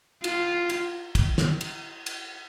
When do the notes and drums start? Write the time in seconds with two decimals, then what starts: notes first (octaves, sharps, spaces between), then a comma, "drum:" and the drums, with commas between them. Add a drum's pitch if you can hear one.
0.24 F4, drum: cymbal
0.69 drum: cymbal
1.15 drum: kick, cymbal
1.38 drum: snare
1.61 drum: cymbal
2.06 drum: cymbal